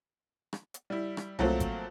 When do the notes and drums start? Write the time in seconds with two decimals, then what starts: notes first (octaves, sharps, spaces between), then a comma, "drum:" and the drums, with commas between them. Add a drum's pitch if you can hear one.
0.53 drum: rim click
0.74 drum: hi-hat
0.90 G3 E4
1.17 drum: rim click
1.39 F3 F#3 A3 A#3 C4, drum: tom C2
1.60 drum: kick G#1, hi-hat